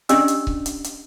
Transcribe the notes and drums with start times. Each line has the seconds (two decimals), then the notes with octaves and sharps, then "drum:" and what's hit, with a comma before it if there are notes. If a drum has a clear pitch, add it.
0.09 C#4 D4 G4 D5 D#5 E6, drum: hi-hat
0.28 drum: hi-hat
0.47 drum: kick C#1
0.66 drum: hi-hat
0.84 drum: hi-hat